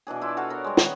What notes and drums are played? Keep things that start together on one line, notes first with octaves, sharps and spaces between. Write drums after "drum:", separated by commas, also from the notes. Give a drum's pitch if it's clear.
B2 E3 D4 G#4
E4 F4 D5
F#4 A4 F5
B3 A#4 C#5
G3 G#3
B4, drum: snare